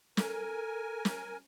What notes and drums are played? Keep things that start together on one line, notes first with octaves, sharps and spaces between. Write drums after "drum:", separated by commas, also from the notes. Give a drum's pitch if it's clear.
A4 A#4 G#5, drum: snare
drum: snare